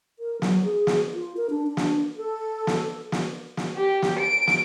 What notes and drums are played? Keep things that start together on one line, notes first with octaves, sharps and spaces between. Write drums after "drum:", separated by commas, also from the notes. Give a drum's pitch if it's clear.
A#4
F#3, drum: snare
G#4
drum: snare
F4
A#4
D4
D4
drum: snare
A4
drum: snare
drum: snare
drum: snare
G4
drum: snare
D7
drum: snare